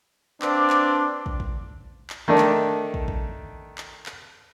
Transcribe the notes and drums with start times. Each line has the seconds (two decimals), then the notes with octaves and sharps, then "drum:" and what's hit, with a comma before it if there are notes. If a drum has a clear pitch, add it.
0.42 C4 D4 B4 F5 D6, drum: clap
0.70 drum: clap
1.26 drum: kick
1.40 drum: kick
2.10 drum: clap
2.28 D#3 A3 D4
2.38 drum: clap
2.94 drum: kick
3.08 drum: kick
3.78 drum: clap
4.06 drum: clap